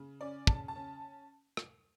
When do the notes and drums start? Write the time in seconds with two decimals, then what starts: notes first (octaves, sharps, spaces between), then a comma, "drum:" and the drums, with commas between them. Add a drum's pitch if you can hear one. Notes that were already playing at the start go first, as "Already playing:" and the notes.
Already playing: C#3
0.21 C#4 D5
0.47 C#3 A5, drum: kick
0.68 A5
0.76 C#4
1.57 drum: rim click